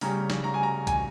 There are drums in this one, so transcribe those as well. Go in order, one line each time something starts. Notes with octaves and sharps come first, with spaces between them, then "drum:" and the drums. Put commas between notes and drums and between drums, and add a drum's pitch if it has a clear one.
C#3 G3 C#4 A#5, drum: open hi-hat
drum: snare
A#5
G#5
A#5
G#5, drum: kick, hi-hat